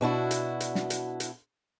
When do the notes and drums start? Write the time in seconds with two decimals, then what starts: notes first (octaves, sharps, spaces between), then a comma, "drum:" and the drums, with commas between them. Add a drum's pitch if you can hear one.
0.01 B2 D4 E4 F#4
0.31 drum: hi-hat
0.60 drum: hi-hat
0.75 drum: snare
0.90 drum: hi-hat
1.20 drum: hi-hat